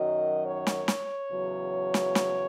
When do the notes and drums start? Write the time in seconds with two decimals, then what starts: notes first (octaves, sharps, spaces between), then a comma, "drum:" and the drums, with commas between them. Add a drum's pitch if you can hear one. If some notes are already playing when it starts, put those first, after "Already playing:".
Already playing: F#2 D#3 F#3 D#5
0.45 C#5
0.67 drum: snare
0.88 drum: snare
1.31 E2 C#3 F#3
1.94 drum: snare
2.15 drum: snare